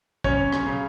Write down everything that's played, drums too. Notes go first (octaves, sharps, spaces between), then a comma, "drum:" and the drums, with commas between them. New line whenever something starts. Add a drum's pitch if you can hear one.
F#2 C#4 C#5, drum: kick
drum: rim click
C#3